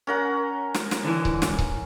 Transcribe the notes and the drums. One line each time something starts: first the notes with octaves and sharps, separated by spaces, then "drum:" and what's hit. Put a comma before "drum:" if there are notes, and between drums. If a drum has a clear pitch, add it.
C#4 A#4 F#5
drum: snare
drum: snare
D3 E3
drum: kick C#1
drum: snare
drum: kick C#1